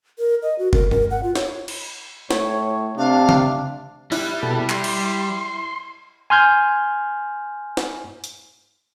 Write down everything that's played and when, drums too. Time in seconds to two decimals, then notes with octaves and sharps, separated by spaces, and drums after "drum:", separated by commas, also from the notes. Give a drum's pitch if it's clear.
0.19 A#4
0.42 D#5
0.59 F#4
0.73 A#4, drum: kick F#1
0.91 A#4, drum: tom
1.11 F#5
1.23 F4
1.36 C#5, drum: snare
1.68 drum: cymbal
2.31 A2 C#5, drum: snare
2.97 C3 D4 F5
3.29 drum: tom C#3
4.12 G3 E4 F#6, drum: open hi-hat
4.42 B2 A4
4.69 C6, drum: clap
4.84 drum: cymbal
6.30 G#5 C6 F6 G6 G#6
7.77 drum: snare
8.24 drum: hi-hat